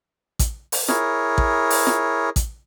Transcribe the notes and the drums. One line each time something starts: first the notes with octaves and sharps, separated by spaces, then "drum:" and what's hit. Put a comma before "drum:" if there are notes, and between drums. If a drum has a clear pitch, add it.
drum: kick A1, hi-hat
drum: open hi-hat
E4 G#4 A#4 C#5, drum: snare
drum: kick A1
drum: open hi-hat
drum: snare
drum: kick A1, hi-hat